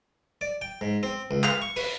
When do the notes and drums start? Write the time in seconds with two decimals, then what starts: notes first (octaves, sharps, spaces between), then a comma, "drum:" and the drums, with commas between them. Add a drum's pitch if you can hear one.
0.41 D5
0.61 G5
0.81 G#2
1.03 C4
1.31 C#2
1.44 F5, drum: clap
1.62 C#6
1.76 B4, drum: open hi-hat